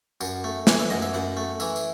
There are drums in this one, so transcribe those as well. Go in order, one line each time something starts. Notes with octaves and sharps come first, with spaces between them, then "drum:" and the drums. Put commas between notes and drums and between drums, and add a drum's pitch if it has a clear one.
F#2, drum: tambourine
A3
E3 G#5, drum: snare
E5
F#2 D#5
E5
F#2 F#5
A3
E3 E5, drum: tambourine
drum: tambourine